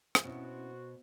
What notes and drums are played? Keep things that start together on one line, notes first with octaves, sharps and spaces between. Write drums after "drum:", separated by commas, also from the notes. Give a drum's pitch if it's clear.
drum: rim click
B2 C4 C#4 E4 F#4 C5